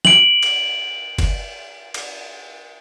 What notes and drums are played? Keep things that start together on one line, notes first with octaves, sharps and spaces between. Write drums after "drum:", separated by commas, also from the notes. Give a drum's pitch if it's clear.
D7 F#7, drum: snare
drum: cymbal
drum: kick, cymbal
drum: cymbal